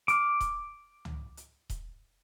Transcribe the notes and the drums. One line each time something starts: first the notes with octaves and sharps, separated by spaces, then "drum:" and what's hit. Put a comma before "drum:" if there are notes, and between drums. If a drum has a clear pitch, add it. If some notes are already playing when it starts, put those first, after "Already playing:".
D6 F6, drum: hi-hat
drum: kick D#1, hi-hat
drum: tom
drum: hi-hat
drum: kick D#1, hi-hat